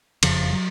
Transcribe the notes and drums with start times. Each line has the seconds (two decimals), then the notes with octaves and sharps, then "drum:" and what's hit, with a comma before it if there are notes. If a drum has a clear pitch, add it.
0.23 F#1 F2 C#3 F3, drum: cymbal
0.53 F#3